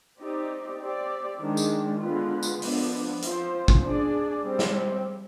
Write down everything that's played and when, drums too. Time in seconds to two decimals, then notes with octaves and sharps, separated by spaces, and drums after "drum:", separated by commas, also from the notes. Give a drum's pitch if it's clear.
0.19 C4 D#4 G4 D5
0.79 C4 G4 D5
1.40 D#3 G#3 D4
1.57 drum: tambourine
2.01 D3 G#3 B3 F4 B4
2.43 drum: tambourine
2.62 D3 F3 B3 D4, drum: open hi-hat
3.22 F3 C4 F4 C5, drum: hi-hat
3.68 drum: kick G#1
3.84 D4 G#4 D5
4.44 G3 C4 G4
4.59 drum: snare